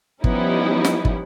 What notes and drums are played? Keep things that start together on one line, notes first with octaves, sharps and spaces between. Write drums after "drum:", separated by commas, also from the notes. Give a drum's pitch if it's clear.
F3 G3 B3 C#4 D#4 E4, drum: kick
drum: snare
drum: kick